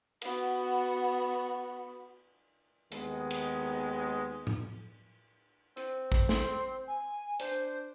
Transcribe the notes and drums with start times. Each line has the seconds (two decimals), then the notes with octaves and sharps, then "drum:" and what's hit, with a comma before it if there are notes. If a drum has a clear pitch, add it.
0.22 B3 F#4, drum: cymbal
2.92 D#2 D#3 G#3 B3, drum: hi-hat
3.31 drum: cymbal
4.47 drum: tom A2
5.77 C4, drum: hi-hat
6.12 drum: kick A1
6.29 C6, drum: snare
6.88 G#5
7.40 D4 C5, drum: hi-hat